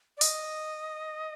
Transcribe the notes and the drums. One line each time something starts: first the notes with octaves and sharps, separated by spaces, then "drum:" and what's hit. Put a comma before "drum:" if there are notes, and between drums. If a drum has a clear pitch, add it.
D5
D#5, drum: open hi-hat